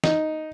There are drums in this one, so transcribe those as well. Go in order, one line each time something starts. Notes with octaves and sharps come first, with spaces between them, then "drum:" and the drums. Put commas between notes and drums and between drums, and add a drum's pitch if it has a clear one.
D#4, drum: snare